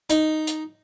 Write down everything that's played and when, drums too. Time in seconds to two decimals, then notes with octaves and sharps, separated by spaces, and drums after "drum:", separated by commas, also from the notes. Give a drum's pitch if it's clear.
0.10 D#4, drum: hi-hat
0.47 drum: hi-hat